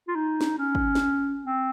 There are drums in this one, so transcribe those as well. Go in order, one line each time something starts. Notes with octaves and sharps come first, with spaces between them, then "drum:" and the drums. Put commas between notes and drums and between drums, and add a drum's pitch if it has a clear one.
F4
D#4
drum: snare
C#4
drum: kick
drum: snare
C4